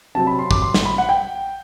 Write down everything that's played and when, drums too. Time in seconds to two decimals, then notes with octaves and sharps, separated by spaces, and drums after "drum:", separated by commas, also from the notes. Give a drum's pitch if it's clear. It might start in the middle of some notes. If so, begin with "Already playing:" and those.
0.15 C3 F#3 C4 A5
0.27 B5
0.39 C6
0.51 D6, drum: kick
0.62 C6
0.74 drum: snare
0.85 B5
0.98 F#5
1.09 G5